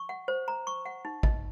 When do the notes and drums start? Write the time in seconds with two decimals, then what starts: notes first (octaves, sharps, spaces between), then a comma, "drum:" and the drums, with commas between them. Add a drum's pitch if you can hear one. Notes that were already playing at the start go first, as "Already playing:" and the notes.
Already playing: C#6
0.09 F#5
0.28 C5
0.48 A#5
0.67 C#6
0.86 F#5
1.05 D#4
1.23 D#5, drum: kick